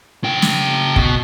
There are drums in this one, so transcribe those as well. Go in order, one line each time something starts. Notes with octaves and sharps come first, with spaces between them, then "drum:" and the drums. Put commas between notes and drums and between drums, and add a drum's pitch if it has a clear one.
C#3 G5
drum: snare
B2, drum: kick